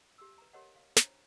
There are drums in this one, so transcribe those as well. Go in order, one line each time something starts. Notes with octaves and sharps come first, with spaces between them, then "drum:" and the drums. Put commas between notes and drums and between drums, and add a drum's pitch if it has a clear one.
G4 E6
B4 A#5
G4 A#4 B4 C#5 D#5 F#5
F5
D4 C5 C#5 A#5, drum: snare